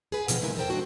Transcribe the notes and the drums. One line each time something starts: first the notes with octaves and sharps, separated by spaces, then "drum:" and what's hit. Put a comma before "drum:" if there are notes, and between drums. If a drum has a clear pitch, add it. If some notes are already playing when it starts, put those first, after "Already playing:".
G#4 B4
B2 D3 F3 G3 C4, drum: hi-hat
C3 D#3 F3 G#3 E4 A#4
E2 C3 A4 A#4 C5 G5
G#3 C4 D4 F#4